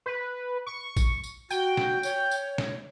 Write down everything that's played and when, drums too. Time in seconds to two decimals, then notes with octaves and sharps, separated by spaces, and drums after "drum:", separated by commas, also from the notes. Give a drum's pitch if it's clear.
0.06 B4
0.66 C#6
0.97 drum: kick, tambourine
1.23 drum: tambourine
1.50 F#4 G5, drum: tambourine
1.77 drum: snare
2.03 C#5, drum: tambourine
2.31 drum: tambourine
2.58 drum: snare